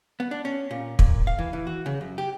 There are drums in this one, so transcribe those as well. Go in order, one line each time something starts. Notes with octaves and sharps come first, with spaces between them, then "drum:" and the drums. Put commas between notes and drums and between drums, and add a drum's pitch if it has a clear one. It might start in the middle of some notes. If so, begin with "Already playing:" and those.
B3
D4
C#4
A#2
A#2, drum: kick
F5
E3
E3
F#4
C#3
F#2
G4